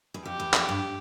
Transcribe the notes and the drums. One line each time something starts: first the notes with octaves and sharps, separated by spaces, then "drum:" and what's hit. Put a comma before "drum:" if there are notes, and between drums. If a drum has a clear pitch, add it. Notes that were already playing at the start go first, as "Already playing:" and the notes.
E2
F2 G4
E2
F2, drum: clap
G2